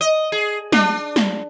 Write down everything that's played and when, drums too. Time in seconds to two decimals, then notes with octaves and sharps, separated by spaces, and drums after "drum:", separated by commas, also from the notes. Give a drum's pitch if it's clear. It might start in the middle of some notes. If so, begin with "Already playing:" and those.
0.01 D#5
0.32 G#4
0.72 D4, drum: snare
1.16 drum: snare